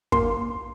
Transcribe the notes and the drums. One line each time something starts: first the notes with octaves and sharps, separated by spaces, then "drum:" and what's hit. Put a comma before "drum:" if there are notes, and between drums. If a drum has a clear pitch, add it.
A#3 C6, drum: kick